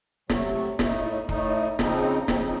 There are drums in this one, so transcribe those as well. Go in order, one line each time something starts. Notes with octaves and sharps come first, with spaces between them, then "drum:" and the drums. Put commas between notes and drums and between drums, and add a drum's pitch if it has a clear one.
C3 F#3 A3, drum: snare
A2 A3 D#4, drum: snare
A2 A3 D#4, drum: kick
C#3 F3 C4 D#4, drum: snare
C#3 F3 C4 D#4, drum: snare